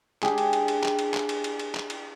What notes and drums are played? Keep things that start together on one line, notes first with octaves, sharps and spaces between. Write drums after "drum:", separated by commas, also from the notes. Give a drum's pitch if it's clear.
D4 G4 G#4, drum: clap
drum: cymbal
drum: cymbal
drum: cymbal
drum: clap
drum: cymbal
drum: clap
drum: cymbal
drum: cymbal
drum: cymbal
drum: clap
drum: cymbal